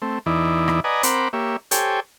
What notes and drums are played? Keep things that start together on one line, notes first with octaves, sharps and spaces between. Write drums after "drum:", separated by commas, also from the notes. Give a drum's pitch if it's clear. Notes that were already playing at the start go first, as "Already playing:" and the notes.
A3 C4
E2 E3 D#4 E4 D5
drum: rim click
B4 D5 D#5 F#5 G#5 A#5
C4 A#4 C5 F#5 B5 D6, drum: hi-hat
A#3 G4 C#5 E5
G4 A4 C5 C#5 G5 G#5, drum: hi-hat